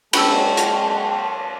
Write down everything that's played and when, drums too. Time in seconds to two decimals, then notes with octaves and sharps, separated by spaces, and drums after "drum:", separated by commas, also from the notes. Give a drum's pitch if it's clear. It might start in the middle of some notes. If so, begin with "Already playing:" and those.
0.13 G#3 F#5 G5 A5 B5 C#6 E6, drum: cymbal
0.57 drum: hi-hat